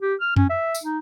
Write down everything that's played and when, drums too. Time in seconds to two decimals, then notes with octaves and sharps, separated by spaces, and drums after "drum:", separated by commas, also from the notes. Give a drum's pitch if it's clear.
0.01 G4
0.21 F6
0.36 C#4, drum: tom F2
0.50 E5
0.75 drum: tambourine
0.84 D#4